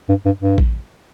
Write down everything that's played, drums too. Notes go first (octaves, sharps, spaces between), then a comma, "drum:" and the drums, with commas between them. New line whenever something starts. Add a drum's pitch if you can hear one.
G2
G2
G2
drum: kick A1